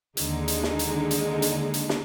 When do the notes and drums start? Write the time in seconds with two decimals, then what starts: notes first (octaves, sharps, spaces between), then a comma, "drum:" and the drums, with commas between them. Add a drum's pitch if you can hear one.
0.17 D#2 D3 G#3 D#4, drum: hi-hat
0.48 drum: hi-hat
0.63 drum: snare
0.79 drum: hi-hat
1.11 drum: hi-hat
1.42 drum: hi-hat
1.74 drum: hi-hat
1.89 drum: snare